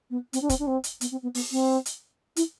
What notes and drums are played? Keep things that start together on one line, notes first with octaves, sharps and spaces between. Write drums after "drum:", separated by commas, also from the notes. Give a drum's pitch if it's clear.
B3
C4, drum: hi-hat
D4
C4, drum: kick, hi-hat
D4
C4
drum: hi-hat
B3, drum: hi-hat
C4
B3
B3, drum: open hi-hat
C4
drum: hi-hat
E4, drum: hi-hat